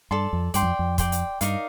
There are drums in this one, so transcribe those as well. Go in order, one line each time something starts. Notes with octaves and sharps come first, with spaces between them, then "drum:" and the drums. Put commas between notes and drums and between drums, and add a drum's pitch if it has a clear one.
G2 A4 D5 A5 C6
F2
G2 D5 G5 C6, drum: hi-hat
F2
F2
D5 G5 C6, drum: kick, hi-hat
drum: hi-hat
G2 D#4 A#4 D5 F5, drum: hi-hat